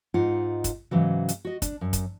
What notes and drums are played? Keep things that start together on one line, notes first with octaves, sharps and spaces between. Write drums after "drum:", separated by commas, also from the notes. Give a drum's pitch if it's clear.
G#2 D#4 F4 F#5
drum: kick, hi-hat
G#2 C#3 E3 F#3
drum: hi-hat
F#4 D#5
D4, drum: kick, hi-hat
F#2
drum: kick, hi-hat